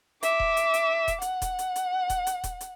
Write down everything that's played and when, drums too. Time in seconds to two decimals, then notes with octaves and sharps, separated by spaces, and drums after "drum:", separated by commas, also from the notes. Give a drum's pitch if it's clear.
0.23 E5 D6, drum: hi-hat
0.40 drum: kick D#1
0.57 drum: hi-hat
0.74 drum: hi-hat
1.08 drum: kick D#1, hi-hat
1.22 F#5, drum: hi-hat
1.42 drum: kick D#1, hi-hat
1.59 drum: hi-hat
1.76 drum: hi-hat
2.10 drum: kick D#1, hi-hat
2.27 drum: hi-hat
2.44 drum: kick D#1, hi-hat
2.61 drum: hi-hat